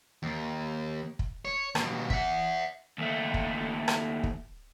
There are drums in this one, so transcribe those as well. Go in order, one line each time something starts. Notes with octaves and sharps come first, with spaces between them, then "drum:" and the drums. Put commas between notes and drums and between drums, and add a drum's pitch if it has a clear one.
D#2
drum: kick
C#5
D#2 B2, drum: rim click
E5 F#5, drum: kick
D#2 A3
drum: kick
drum: rim click
drum: kick